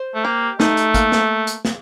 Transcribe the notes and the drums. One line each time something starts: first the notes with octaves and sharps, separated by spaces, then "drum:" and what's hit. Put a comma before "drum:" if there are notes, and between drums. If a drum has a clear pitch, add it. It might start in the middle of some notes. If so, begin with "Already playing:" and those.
Already playing: C5
A3
A#3 G4
A3 D#4, drum: snare
drum: hi-hat
A#3, drum: kick, hi-hat
drum: snare
drum: hi-hat
drum: snare